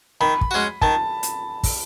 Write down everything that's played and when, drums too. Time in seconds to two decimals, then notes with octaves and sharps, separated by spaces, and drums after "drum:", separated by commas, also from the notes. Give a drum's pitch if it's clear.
0.21 D#3 B5
0.41 drum: kick
0.51 G#3 C#4 F#4
0.81 D#3 A5, drum: kick
1.23 drum: hi-hat
1.63 drum: kick, open hi-hat